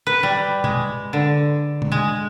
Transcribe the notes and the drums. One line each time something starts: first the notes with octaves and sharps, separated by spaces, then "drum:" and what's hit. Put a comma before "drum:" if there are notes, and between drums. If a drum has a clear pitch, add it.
B4
G3
G#3, drum: tom B2
D3
drum: tom B2
G#3